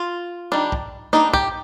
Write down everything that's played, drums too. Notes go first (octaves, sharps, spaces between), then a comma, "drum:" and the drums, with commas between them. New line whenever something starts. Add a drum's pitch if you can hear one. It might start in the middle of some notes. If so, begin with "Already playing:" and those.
Already playing: F4
D#3 G3 D4
drum: kick
G3 D4 D#4, drum: snare
G4, drum: kick